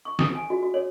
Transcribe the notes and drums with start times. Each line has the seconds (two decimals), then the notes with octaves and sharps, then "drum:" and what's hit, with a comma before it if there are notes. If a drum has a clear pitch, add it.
0.05 C#6
0.19 D#6, drum: snare
0.35 G#5
0.50 F#4
0.63 F#4
0.74 C#5